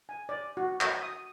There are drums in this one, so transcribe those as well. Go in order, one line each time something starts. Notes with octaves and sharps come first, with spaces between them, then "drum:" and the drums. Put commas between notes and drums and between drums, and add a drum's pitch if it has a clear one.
G#5
D5
F#4
drum: clap
D#6